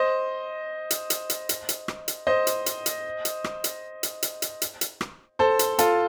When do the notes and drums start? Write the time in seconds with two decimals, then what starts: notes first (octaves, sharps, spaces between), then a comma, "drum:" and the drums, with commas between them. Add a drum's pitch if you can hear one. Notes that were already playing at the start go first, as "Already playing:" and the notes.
Already playing: C5 D#5
0.91 drum: hi-hat
1.10 drum: hi-hat
1.30 drum: hi-hat
1.49 drum: hi-hat
1.69 drum: hi-hat
1.88 drum: rim click
2.08 drum: hi-hat
2.27 C5 D#5
2.47 drum: hi-hat
2.66 drum: hi-hat
2.86 drum: hi-hat
3.25 drum: hi-hat
3.44 drum: rim click
3.64 drum: hi-hat
4.03 drum: hi-hat
4.23 drum: hi-hat
4.42 drum: hi-hat
4.62 drum: hi-hat
4.81 drum: hi-hat
5.01 drum: rim click
5.39 A4 C5
5.59 drum: hi-hat
5.79 F4 A4, drum: hi-hat